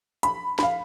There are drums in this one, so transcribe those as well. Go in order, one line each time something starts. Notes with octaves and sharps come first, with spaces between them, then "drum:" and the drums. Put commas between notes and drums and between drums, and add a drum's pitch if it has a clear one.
B5, drum: hi-hat
F5 B5, drum: snare